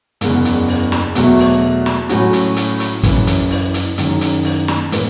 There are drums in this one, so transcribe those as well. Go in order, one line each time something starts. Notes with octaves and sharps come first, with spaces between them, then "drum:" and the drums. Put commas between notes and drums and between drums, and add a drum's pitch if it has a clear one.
F#1 E2 C#3, drum: hi-hat
drum: hi-hat
drum: open hi-hat
drum: snare
E2 B2 F#3 A3, drum: hi-hat
drum: open hi-hat
drum: snare
A2 F#3 C#4 F#4, drum: hi-hat
drum: hi-hat
drum: hi-hat
drum: hi-hat
F#1 F#2 E3, drum: kick, hi-hat
drum: hi-hat
drum: open hi-hat
drum: hi-hat
F#1 F#2 D#3, drum: hi-hat
drum: hi-hat
drum: open hi-hat
drum: snare
A2 E3 G#3 B3, drum: hi-hat